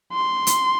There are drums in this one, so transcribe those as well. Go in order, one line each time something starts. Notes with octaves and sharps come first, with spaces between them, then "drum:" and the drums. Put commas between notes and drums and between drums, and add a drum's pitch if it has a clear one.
C6
drum: hi-hat